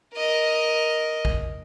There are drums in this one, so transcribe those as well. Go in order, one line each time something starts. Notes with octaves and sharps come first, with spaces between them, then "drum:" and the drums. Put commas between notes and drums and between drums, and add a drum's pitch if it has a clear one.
A#4 D#5
drum: kick